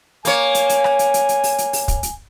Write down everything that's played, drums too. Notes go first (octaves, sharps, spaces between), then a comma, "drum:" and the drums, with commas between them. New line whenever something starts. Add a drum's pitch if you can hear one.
A#3 C#5 G#5, drum: hi-hat
drum: hi-hat
drum: hi-hat
drum: rim click
drum: hi-hat
drum: hi-hat
drum: hi-hat
drum: open hi-hat
drum: hi-hat
drum: open hi-hat
drum: kick, hi-hat
drum: hi-hat